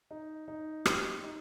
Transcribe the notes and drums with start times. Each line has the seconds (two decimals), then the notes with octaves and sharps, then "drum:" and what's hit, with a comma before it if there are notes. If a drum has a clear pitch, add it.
0.11 D#4
0.48 D#4
0.86 G4, drum: rim click
1.24 D#4